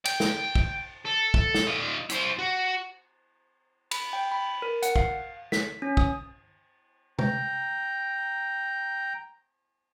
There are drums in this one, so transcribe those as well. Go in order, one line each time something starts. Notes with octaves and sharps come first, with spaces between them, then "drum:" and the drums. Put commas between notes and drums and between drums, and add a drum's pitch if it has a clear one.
G5, drum: cymbal
drum: snare
drum: kick
A4
drum: kick
drum: snare
D#4 F4
E4 C5, drum: hi-hat
F#4
B5, drum: cymbal
G5
B5
A#4
F#5, drum: hi-hat
F5, drum: kick
B6, drum: snare
C#4
D#6, drum: kick
G5 A#5, drum: tom C3